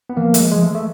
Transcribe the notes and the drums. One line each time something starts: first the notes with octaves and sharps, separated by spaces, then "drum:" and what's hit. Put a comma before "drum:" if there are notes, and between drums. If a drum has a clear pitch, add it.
B3
E3 A#3
F3
A3, drum: hi-hat
F3 G#3
F3 G#3
E3 A3
A3